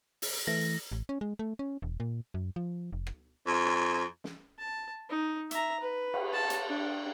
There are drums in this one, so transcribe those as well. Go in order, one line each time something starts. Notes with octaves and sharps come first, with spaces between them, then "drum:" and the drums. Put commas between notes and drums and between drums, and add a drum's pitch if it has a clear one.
drum: open hi-hat
E3 A3 A#6
A1
C#4
G#3
A3
C#4
E1
A#2
F#2
F3
F1
drum: rim click
F2
drum: snare
A5
D#4
E5 A#5, drum: hi-hat
B4
drum: cymbal
A5
drum: hi-hat
D4